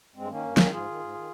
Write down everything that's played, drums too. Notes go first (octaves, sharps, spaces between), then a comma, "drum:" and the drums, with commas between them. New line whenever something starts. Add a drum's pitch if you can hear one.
G2 G#3 C4
D#3 A#3 C#4
G2
D#3, drum: snare
G#2 F4 G#4
D#3
G#2
D#3